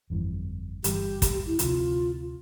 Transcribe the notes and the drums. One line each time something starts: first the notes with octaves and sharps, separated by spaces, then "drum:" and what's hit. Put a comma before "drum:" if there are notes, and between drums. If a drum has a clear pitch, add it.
G1 F2 E3 G3
G1 G2 E3 G3 G4, drum: hi-hat
drum: kick, hi-hat
E4
D2 C3 F3 F4, drum: hi-hat